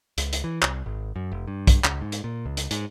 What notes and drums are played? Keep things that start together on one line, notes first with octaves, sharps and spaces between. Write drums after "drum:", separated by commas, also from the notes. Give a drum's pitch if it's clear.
C#2, drum: hi-hat
drum: hi-hat
E3
C2, drum: clap
G#1
F#2
F1
G2
drum: kick B1, hi-hat
C#2, drum: clap
G#2
drum: hi-hat
A#2
C#2
drum: hi-hat
G#2, drum: hi-hat